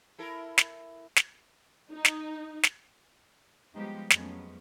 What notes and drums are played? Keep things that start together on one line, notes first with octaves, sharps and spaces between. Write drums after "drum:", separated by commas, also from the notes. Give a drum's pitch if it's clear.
E4 A4 A#4
drum: snare
drum: snare
D#4
drum: snare
drum: snare
F3 G3 G#3 B3 D#4 G4
F2 F#3 G#3 A3 B3 C#4, drum: snare